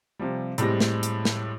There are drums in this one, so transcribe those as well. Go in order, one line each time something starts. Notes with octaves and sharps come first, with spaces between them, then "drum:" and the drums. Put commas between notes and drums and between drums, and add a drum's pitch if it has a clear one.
C3 F3 G3
A2 G3 G#3 C4 G4 A#6, drum: hi-hat
drum: snare
drum: hi-hat
drum: snare